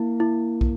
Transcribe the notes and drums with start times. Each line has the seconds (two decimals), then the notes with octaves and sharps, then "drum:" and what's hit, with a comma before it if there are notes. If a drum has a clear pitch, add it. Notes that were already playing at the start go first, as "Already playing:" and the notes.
Already playing: A#3 E4
0.20 E4
0.61 drum: kick